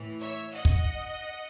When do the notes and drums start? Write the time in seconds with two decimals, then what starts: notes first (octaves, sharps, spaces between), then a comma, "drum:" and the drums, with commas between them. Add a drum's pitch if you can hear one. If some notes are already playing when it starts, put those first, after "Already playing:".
Already playing: A2 E3
0.21 C#5 E5
0.54 D#5 F#5
0.65 drum: kick